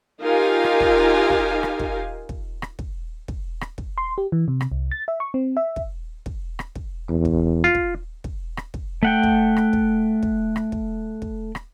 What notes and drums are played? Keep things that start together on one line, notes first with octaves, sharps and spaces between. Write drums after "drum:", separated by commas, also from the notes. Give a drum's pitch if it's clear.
D#4 F4 G4 A#4 F5 G#5
drum: rim click
drum: kick
drum: kick
drum: rim click
drum: kick
drum: kick
drum: rim click
drum: kick
drum: kick
drum: rim click
drum: kick
C6
G4
E3
C3
drum: rim click
C2
A6
E5
C#6
C4
E5
drum: kick
drum: kick
drum: rim click
drum: kick
E2
drum: kick
F4
drum: kick
drum: kick
drum: rim click
drum: kick
A3 F#5 G5
drum: kick
drum: rim click
drum: kick
drum: kick
drum: rim click
drum: kick
drum: kick
drum: rim click